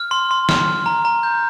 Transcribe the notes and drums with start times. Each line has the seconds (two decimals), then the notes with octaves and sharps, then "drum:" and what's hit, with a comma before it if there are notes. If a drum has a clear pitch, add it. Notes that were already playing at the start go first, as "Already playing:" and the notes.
Already playing: F6
0.11 C6
0.31 C6
0.49 F6, drum: snare
0.67 C6
0.86 A#5
1.05 A#5
1.23 G6